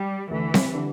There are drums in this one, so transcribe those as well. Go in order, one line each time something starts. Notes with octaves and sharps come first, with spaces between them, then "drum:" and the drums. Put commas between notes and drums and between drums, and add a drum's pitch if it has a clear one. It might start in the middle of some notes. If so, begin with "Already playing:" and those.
Already playing: G3
D2 D3 E3 A3
drum: snare C4
D3 G3 D4